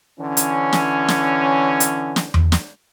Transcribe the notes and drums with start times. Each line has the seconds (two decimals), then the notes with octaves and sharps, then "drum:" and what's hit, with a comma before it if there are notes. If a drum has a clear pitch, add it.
0.19 D3 E3 C#4
0.37 drum: hi-hat
0.73 drum: snare
1.08 drum: snare
1.80 drum: hi-hat
2.16 drum: snare
2.34 drum: tom E2
2.52 drum: snare